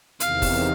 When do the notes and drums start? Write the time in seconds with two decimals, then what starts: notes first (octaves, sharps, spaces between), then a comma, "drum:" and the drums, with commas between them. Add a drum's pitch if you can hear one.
0.20 E2 C3 D#3 F5, drum: hi-hat
0.42 drum: kick F1, open hi-hat